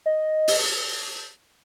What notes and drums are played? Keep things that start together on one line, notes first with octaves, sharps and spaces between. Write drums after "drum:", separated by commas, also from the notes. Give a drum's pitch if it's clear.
D#5
drum: open hi-hat